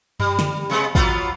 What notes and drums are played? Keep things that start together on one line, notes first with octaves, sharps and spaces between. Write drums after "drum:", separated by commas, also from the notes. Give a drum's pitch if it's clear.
G3, drum: tom F#2
drum: snare
C3 G#3 B3
F#3 B3 F4, drum: kick